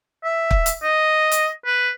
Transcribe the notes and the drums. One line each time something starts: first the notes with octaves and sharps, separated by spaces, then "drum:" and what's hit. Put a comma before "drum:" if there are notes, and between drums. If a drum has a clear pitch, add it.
E5
drum: kick
drum: hi-hat
D#5
drum: hi-hat
B4